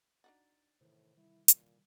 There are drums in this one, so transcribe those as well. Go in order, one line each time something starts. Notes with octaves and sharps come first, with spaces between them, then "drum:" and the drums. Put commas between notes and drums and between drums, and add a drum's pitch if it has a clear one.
D4 D#4 F#4 A6
A2 C3 D#3 E3 C5
G3 E4
A#2, drum: hi-hat